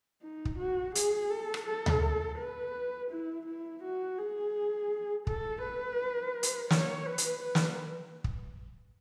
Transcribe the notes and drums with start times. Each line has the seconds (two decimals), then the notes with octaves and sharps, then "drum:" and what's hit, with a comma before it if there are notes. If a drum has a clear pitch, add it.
0.22 D#4
0.45 drum: kick
0.58 F#4
0.95 G#4, drum: hi-hat
1.30 A4
1.54 drum: rim click
1.67 A4
1.86 drum: tom D2
2.38 B4
3.11 E4
3.46 E4
3.83 F#4
4.18 G#4
5.27 A4, drum: kick
5.63 B4
6.43 drum: hi-hat
6.70 C#5, drum: snare
7.06 B4
7.18 drum: hi-hat
7.43 B4
7.55 drum: snare
8.24 drum: kick